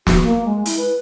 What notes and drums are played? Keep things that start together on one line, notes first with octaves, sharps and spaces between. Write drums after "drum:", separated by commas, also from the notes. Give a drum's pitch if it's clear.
F#4, drum: snare
A#3
G#3
E4, drum: hi-hat
B4